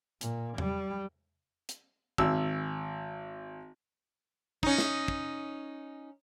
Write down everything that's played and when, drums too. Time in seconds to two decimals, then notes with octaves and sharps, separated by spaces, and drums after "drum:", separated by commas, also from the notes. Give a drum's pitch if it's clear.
0.21 A#2, drum: hi-hat
0.58 G3, drum: tom E2
1.69 drum: hi-hat
2.18 G#1 E6, drum: kick
4.63 C#4 D#4, drum: kick
4.78 drum: snare
5.08 drum: kick